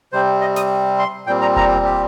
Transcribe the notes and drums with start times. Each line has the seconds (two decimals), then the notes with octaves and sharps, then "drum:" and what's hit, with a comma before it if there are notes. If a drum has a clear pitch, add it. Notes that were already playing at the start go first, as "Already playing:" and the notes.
0.13 C3 G3 C4 C5
0.41 D#5
0.56 D#6, drum: snare
0.99 C6
1.27 A#2 G3 C4 G5
1.42 A#5
1.56 A#5, drum: kick F1
1.85 G4